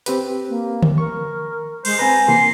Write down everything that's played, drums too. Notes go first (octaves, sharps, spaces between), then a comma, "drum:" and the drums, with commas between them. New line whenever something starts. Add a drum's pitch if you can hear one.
C4 G4 B4, drum: hi-hat
A#3
drum: tom D3
A#4 C#6
G#3 C5, drum: cymbal
C4 B4 G#5 A#5
C3 E3 A#3 C6